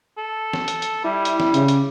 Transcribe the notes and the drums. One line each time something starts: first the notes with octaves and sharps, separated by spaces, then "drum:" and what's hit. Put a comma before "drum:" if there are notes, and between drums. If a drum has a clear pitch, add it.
A4
drum: snare
drum: hi-hat
drum: hi-hat
G3 E4
drum: hi-hat
drum: snare
C#3, drum: hi-hat
drum: hi-hat